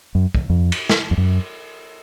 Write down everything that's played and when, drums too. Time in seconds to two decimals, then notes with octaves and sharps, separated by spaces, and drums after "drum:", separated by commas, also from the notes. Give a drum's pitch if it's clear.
0.15 F#2
0.35 drum: kick
0.50 F2
0.72 drum: cymbal
0.89 drum: snare
1.11 F2
1.18 F#2